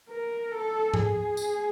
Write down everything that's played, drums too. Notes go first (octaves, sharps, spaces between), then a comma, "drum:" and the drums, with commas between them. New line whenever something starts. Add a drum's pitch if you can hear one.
A#4
A4
G#4, drum: tom G#2
drum: tambourine